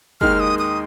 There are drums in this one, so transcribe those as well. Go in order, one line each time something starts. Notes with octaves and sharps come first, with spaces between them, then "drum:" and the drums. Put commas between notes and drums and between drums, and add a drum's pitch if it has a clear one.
D#2 D#3 G#3 F6, drum: kick
D#6
D#6